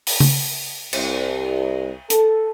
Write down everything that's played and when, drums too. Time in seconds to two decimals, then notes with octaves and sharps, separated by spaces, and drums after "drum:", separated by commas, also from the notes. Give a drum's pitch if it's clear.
0.07 drum: open hi-hat
0.20 drum: tom C#3
0.93 C2, drum: cymbal
2.10 A4, drum: hi-hat